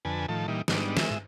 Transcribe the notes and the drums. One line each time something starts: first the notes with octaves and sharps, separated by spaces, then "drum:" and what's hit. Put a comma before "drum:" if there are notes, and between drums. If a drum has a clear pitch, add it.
F2 D3 B4 G#5 A5
A2 D#3 F3 A5
A#2 E3 G3 D#4
G#2 G3 B3 D4 D#4, drum: snare
G#3 E5, drum: snare
drum: tom